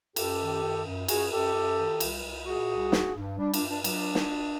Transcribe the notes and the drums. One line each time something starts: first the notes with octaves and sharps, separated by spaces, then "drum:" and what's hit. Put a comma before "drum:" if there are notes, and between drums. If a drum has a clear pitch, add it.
F#2 G4 A4, drum: cymbal
D#3
F#2
F#2
F#2 F#4 G#4, drum: cymbal
F#2 G4 A4
F#2
D#3
C2, drum: cymbal
C2
A#2 F#4 G#4
C2
G2, drum: snare
G2
G3 D4
D4, drum: cymbal
G2
D4
F#3 D4, drum: cymbal
drum: snare